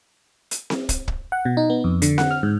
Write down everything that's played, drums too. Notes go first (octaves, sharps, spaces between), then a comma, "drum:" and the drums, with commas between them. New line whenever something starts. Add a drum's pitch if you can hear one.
drum: hi-hat
drum: snare C4
drum: kick, hi-hat
drum: kick
F#5
B2
D#4
B3
F2
D3, drum: hi-hat
F#5, drum: snare C4
F6
G#2